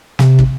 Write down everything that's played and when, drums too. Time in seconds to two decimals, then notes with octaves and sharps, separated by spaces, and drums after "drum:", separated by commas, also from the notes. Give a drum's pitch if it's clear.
0.19 C3, drum: snare
0.39 drum: kick